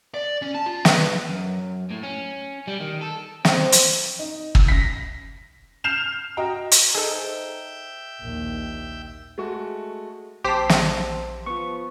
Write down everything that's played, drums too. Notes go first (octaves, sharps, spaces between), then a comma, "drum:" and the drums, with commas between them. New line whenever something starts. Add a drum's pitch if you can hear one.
D5
C#4
A5
F4
B4, drum: snare
F#2
A2
C#4
G3
D#3
A4
C4, drum: snare
drum: hi-hat
D#4
drum: kick
A#6 B6
F6 G6 C7 E7 F7
F#4 D#5 G5 A#5
drum: hi-hat
D#4 G#4 A4 C5 E5 G5
A#1 D#2
G#3 A3 F#4
A#1 C4 G4 C5 A5 B6
drum: snare
F3 B3 C#6